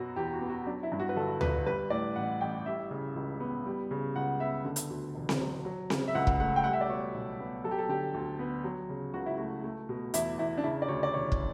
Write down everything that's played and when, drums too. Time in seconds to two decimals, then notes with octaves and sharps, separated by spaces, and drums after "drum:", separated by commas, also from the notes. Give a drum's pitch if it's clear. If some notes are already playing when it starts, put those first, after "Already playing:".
Already playing: F#2 B2 F#3 F#4
0.16 E2 G4
0.33 F#4
0.41 B3
0.50 F#4
0.66 F#3 D4
0.83 E4
0.92 G2
1.00 F#4
1.09 B4
1.16 G1 A4
1.41 G1 B4, drum: tom D2
1.66 G3 B4
1.90 A2 D5
2.16 A1 F#5
2.41 A1 G5
2.66 G3 E5
2.91 C#3
3.15 C#2
3.40 B3
3.65 G3
3.91 C#3
4.16 C#2 F#5
4.40 B3 E5
4.65 D3
4.76 drum: hi-hat
4.90 D2
5.15 E1
5.29 drum: snare C4
5.41 F#3
5.65 F#3
5.90 C#3, drum: snare C4
6.08 E5
6.15 C#2 F#5
6.27 drum: kick
6.40 A3 F#5
6.56 G5
6.64 G3 F#5
6.73 E5
6.81 D5
6.89 B2 C#5
7.14 B1
7.40 B3
7.64 F#3 A4
7.71 G4
7.78 A4
7.89 D3 G4
8.14 D2
8.39 B3
8.64 F#3
8.89 C#3
9.14 C#2 F#4
9.26 E4
9.38 A3 F#4
9.64 A3
9.89 B2
10.14 E2 E4, drum: hi-hat
10.39 E2 E4
10.58 D4
10.63 C#3 E4
10.82 D5
10.88 D2 C#5
11.03 D5
11.14 E1 C#5
11.32 drum: kick